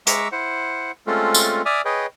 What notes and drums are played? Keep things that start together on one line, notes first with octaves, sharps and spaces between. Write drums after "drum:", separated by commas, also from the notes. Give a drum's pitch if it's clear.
G#3 E5 A#5 C#6 D6 E6, drum: hi-hat
E4 C5 F#5
G#3 A3 C4 C#4 F4 A4
drum: tambourine
D5 E5 G#5 D6 D#6 F6
G#4 B4 C#5 D#5 G5